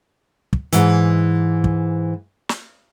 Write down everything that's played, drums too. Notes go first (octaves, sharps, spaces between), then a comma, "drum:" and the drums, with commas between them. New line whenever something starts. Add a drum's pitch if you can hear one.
drum: kick
G#2 E3, drum: hi-hat
drum: kick
drum: snare